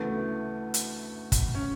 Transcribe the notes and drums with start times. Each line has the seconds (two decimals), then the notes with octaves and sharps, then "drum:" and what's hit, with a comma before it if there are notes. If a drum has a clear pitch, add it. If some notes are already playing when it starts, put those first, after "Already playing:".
Already playing: D2 C#3 E3 A3 B3
0.74 drum: hi-hat
1.32 drum: kick, hi-hat
1.55 C#4